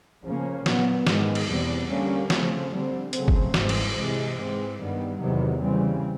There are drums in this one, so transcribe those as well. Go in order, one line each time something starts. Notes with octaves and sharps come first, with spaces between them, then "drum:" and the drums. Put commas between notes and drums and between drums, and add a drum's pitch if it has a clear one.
C#3 F3 A#3 C#4
A#2 F#3 B3, drum: snare
G#2 D#3 G#3 B3, drum: snare
drum: cymbal
E2 B2 G3 C4
D3 G3 A#3 C#4
C#3 F3 A3 C4, drum: snare
D3 G3 C4
C#3 F#3 A3 C4, drum: hi-hat
drum: kick
G#2 E3 G3 C4, drum: snare
drum: cymbal
C3 E3 G#3
G#2 E3 G#3 C4
G2 D#3 G3 B3
E2 C3 D#3 F#3 B3
C#3 E3 G3 C4